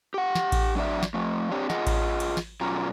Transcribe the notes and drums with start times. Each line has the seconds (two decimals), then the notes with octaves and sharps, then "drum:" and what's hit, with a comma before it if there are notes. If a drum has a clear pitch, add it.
0.14 G4 F#5
0.35 drum: snare
0.52 drum: kick A1, cymbal
0.75 F#3 D4 F#4 D5 E5
1.03 drum: snare
1.14 F3 A3
1.51 C4 D4 G4 C#5
1.70 F4 G#4 D#5 F#5, drum: snare
1.87 drum: kick A1, cymbal
2.20 drum: cymbal
2.37 drum: snare
2.61 B2 F#3 C#4 F4 A#5